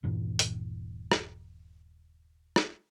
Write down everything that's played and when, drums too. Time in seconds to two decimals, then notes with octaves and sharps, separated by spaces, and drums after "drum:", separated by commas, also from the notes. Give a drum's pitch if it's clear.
0.03 D#1 G2 A#2 E3
0.39 drum: hi-hat
1.12 drum: rim click
2.56 drum: rim click